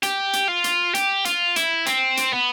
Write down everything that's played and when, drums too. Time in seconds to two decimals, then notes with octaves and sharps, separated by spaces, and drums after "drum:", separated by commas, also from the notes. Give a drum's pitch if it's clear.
0.03 G4, drum: hi-hat
0.33 drum: hi-hat
0.48 F4
0.64 drum: hi-hat
0.95 G4, drum: hi-hat
1.25 F4, drum: hi-hat
1.56 E4, drum: hi-hat
1.86 C4, drum: hi-hat
2.17 drum: hi-hat
2.33 B3